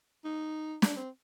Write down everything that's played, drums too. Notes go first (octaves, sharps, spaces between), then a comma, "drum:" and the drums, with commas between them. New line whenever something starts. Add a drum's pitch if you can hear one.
D#4
D4, drum: snare
C4